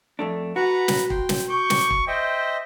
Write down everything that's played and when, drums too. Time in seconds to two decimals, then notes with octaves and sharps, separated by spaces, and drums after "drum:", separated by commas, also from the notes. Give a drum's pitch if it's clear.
0.19 F2 A3 D4
0.56 F#4 B4 F#5 A#5
0.88 drum: snare
1.10 G5 C6, drum: kick
1.29 drum: snare
1.49 C#6 D6 G6
1.70 drum: snare
1.90 drum: kick
2.07 C5 D#5 E5 G5